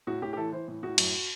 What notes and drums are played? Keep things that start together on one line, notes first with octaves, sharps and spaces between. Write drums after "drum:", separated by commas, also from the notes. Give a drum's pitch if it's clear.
A2 F#4
A2 G4
G4
E3 A4
E3 C5
A2
A2 F#4
F#2, drum: cymbal